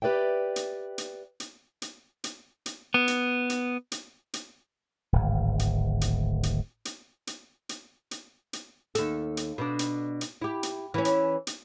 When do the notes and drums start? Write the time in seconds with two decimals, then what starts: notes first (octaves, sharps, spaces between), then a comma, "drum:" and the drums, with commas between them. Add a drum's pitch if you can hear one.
0.02 G4 B4 D5 E5 G5
0.56 drum: hi-hat
0.98 drum: hi-hat
1.40 drum: hi-hat
1.82 drum: hi-hat
2.24 drum: hi-hat
2.66 drum: hi-hat
2.94 B3
3.08 drum: hi-hat
3.50 drum: hi-hat
3.92 drum: hi-hat
4.34 drum: hi-hat
5.13 D1 G#1
5.59 drum: hi-hat
6.01 drum: hi-hat
6.43 drum: hi-hat
6.85 drum: hi-hat
7.27 drum: hi-hat
7.69 drum: hi-hat
8.11 drum: hi-hat
8.53 drum: hi-hat
8.95 D#2 A4, drum: hi-hat
9.37 drum: hi-hat
9.58 B2 D4
9.79 drum: hi-hat
10.21 drum: hi-hat
10.42 E4 G4
10.63 drum: hi-hat
10.94 E3 C#4
11.05 drum: hi-hat
11.47 drum: hi-hat